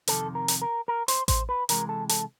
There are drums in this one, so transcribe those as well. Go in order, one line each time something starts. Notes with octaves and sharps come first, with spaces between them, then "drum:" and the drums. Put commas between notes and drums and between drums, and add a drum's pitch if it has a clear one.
F2 C3 D#3 A4, drum: hi-hat
A#4
drum: hi-hat
A#4
A#4
C5, drum: hi-hat
C5, drum: kick A1, hi-hat
B4
C3 E3 G#3 A#4, drum: hi-hat
A4
A4, drum: hi-hat